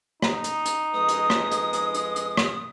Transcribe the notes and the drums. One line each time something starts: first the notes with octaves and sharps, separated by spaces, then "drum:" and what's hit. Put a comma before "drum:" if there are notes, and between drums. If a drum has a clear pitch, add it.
D#4, drum: rim click
drum: hi-hat
drum: hi-hat
F2 G#3 B4 D#6
drum: hi-hat
drum: rim click
drum: hi-hat
drum: hi-hat
drum: hi-hat
drum: hi-hat
drum: rim click